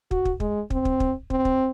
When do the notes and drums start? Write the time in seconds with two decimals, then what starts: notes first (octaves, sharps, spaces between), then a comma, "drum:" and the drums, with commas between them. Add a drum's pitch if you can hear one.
0.11 F#4, drum: kick
0.25 drum: kick
0.40 G#3, drum: kick
0.70 C4, drum: kick
0.85 drum: kick
1.00 drum: kick
1.30 C4, drum: kick
1.45 drum: kick